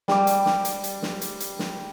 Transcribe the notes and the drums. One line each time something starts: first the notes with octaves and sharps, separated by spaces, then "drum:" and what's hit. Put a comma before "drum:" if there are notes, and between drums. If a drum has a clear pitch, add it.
G3 D6, drum: snare
drum: hi-hat
drum: snare
drum: hi-hat
drum: hi-hat
drum: snare
drum: hi-hat
drum: hi-hat
drum: snare